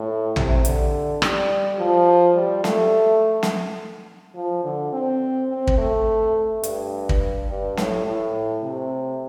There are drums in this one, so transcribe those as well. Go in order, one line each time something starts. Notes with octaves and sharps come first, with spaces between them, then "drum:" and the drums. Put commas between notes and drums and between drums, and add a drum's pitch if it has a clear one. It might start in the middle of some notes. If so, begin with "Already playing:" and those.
Already playing: A2
C3, drum: tom
D3, drum: hi-hat
G3, drum: rim click
F3
G3
A3, drum: snare
drum: snare
F3
D3
C4
C4
drum: kick
A3
G2, drum: hi-hat
drum: kick
G2
A2, drum: snare
A2
C3